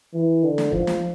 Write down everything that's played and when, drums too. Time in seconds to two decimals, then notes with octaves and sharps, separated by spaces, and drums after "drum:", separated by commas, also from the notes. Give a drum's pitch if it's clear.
0.14 E3
0.44 D3
0.58 drum: snare
0.72 F3, drum: kick
0.87 drum: snare